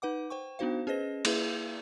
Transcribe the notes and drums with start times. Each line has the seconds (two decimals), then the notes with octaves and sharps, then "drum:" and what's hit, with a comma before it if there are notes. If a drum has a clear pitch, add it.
0.02 D#4 B4 F#5 D6
0.30 C5 G5 C#6
0.59 B3 D4 D#4 F#4 C5 F5
0.87 C#4 G#4 B4 C5 D#5 A#6
1.25 A#3 E4 G#4 B4 E5, drum: cymbal